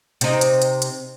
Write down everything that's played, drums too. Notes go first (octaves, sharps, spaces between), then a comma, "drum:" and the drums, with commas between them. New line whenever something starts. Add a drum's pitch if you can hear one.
C3 D#4, drum: hi-hat
drum: hi-hat
drum: hi-hat
drum: hi-hat